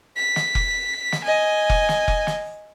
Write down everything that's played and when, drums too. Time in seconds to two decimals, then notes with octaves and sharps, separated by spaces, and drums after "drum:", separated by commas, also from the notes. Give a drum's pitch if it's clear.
0.17 B6
0.36 drum: snare
0.55 drum: kick F1
1.12 drum: snare
1.24 D#5 G#5
1.70 drum: kick F1
1.89 drum: snare
2.08 drum: kick F1
2.27 drum: snare